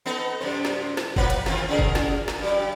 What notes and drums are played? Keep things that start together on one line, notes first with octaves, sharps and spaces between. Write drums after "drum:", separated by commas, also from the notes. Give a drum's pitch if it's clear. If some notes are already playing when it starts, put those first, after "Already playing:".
B3 D#4 A4
F#2 C3 C5
drum: snare
drum: snare
F3 A#3 B4, drum: kick F#1
drum: hi-hat
D#3 C4 F4, drum: snare
C#3 G#4 A#4
drum: kick F#1
drum: snare
drum: snare
G2 F#3